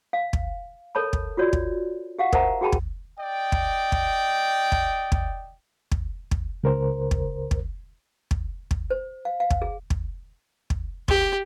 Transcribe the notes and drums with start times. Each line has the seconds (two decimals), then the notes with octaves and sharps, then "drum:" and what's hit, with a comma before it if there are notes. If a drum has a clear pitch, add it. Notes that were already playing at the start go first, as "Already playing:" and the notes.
0.13 F5
0.33 drum: kick
0.95 A4 A#4 C#5 A5 B5
1.13 drum: kick
1.37 F4 F#4 C#5 D5
1.53 drum: kick
2.19 G4 F5 F#5
2.33 A#4 C5 E5 F#5 A5 A#5, drum: kick
2.61 F#4 G#4 G5 A5 B5
2.72 drum: kick
3.19 D5 D#5 G5
3.52 drum: kick
3.92 drum: kick
4.72 drum: kick
5.12 drum: kick
5.91 drum: kick
6.31 drum: kick
6.64 C#2 A#4 C5
7.11 drum: kick
7.51 drum: kick
8.31 drum: kick
8.71 drum: kick
8.91 C5
9.25 F5
9.40 F5
9.50 drum: kick
9.62 G#4
9.90 drum: kick
10.70 drum: kick
11.08 G4, drum: kick